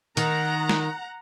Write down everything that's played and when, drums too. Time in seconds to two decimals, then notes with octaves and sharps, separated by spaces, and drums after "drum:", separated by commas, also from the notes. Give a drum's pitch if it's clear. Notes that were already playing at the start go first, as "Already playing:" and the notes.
0.17 D#3 F#5 A#5, drum: hi-hat
0.69 drum: snare